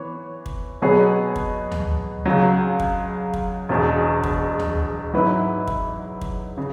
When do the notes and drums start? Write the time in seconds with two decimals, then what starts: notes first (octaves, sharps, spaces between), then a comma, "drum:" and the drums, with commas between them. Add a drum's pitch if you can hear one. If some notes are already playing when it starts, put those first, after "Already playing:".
Already playing: E3 B3 C#5
0.46 drum: kick
0.82 B2 F#3 B3 G#4 C#5
1.36 drum: kick
1.72 drum: tom D2
2.26 C#2 C#3 F#3
2.80 drum: kick
3.34 drum: kick
3.69 E1 E2 B2
4.24 drum: kick
4.60 drum: tom D2
5.13 G#2 F#3 E4 B4
5.67 drum: kick
6.21 drum: kick
6.57 C#3